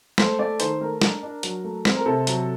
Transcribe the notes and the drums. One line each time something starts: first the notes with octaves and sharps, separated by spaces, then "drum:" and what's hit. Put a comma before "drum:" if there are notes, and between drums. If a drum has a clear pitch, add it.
A3 C5, drum: snare
A3 D5
D#3 C5, drum: hi-hat
A3 A#4
D4, drum: snare
D4
F#3, drum: hi-hat
A3
C4, drum: snare
A#4
C3 A4
F#3, drum: hi-hat